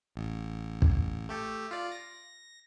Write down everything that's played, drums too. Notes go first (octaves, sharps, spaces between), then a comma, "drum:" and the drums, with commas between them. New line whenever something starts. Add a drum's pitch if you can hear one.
A1
drum: kick
A3 G4 A4
F4 D5
A#6